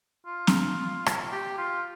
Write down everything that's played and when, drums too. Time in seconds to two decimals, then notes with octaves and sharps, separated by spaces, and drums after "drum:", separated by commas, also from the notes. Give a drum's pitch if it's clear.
0.26 F4
0.47 drum: snare C4
1.06 drum: rim click
1.32 G4
1.58 F4